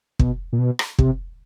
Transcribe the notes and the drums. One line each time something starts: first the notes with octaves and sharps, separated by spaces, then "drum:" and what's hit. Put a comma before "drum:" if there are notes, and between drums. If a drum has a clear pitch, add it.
B2, drum: kick
A#2
B2
drum: rim click
C3, drum: kick